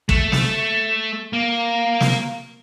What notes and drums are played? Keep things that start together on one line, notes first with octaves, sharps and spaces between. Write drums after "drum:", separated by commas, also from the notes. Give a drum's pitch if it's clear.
A3, drum: kick
drum: snare
A#3
drum: snare